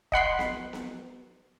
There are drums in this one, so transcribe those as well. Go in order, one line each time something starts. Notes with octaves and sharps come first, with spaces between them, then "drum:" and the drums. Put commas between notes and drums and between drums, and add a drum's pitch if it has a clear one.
D#5 F#5 B5 C6, drum: kick
drum: snare B3
drum: snare B3